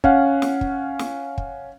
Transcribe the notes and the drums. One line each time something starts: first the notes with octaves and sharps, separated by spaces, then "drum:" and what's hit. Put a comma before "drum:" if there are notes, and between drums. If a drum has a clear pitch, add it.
C#4 F5 F#5, drum: kick
drum: snare
drum: kick
drum: snare
drum: kick